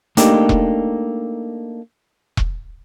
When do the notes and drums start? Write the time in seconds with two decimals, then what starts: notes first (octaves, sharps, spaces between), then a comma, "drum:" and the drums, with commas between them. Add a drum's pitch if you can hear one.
0.17 A3 A#3 D4 D#4 G4, drum: hi-hat
0.49 drum: kick E1
2.37 drum: kick E1